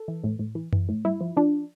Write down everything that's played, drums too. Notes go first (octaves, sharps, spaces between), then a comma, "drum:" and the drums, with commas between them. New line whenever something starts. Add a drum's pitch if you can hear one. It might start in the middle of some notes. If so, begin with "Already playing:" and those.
Already playing: A4
E3
A2
A2
E3
E3, drum: tom F#2
A2
G2 E4
F3
F3 D4